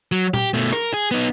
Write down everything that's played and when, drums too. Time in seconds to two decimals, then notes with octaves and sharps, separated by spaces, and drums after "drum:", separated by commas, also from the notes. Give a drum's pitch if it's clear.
0.12 F#3
0.34 G4, drum: tom A#2
0.54 B2 A3
0.73 A#4, drum: rim click
0.94 G#4
1.11 B3 D#4